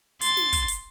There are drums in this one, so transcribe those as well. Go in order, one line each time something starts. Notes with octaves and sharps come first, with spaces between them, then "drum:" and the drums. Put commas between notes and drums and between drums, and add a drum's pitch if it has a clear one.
C6 A6, drum: hi-hat
drum: snare
drum: kick, hi-hat
drum: hi-hat